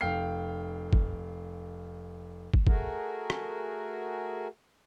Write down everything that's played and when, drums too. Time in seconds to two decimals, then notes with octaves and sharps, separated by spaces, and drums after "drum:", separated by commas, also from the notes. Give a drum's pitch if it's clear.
0.01 F1 F5 G5 F6 C7
0.93 drum: kick
2.54 drum: kick
2.67 A3 F#4 G#4 A#4, drum: kick
3.30 drum: rim click